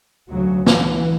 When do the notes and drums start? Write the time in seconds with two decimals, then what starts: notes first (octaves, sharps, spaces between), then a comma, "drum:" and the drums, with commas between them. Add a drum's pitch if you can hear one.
0.31 D2 C#3 F#3
0.66 E3, drum: snare